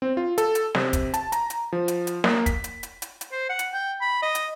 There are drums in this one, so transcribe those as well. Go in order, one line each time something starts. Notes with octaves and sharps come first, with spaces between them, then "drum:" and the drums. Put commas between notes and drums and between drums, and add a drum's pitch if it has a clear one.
C4
F4
A4, drum: hi-hat
drum: hi-hat
C3, drum: snare
drum: kick, hi-hat
A5, drum: hi-hat
A#5, drum: hi-hat
drum: hi-hat
F3
drum: hi-hat
drum: hi-hat
A#3, drum: snare
B6, drum: kick, hi-hat
drum: hi-hat
drum: hi-hat
drum: hi-hat
drum: hi-hat
C5
F#5
drum: hi-hat
G5
B5
D#5
drum: hi-hat